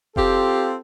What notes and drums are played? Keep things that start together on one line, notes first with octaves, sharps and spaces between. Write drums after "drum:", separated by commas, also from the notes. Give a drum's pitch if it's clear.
C4 F4 G4 A4, drum: kick F1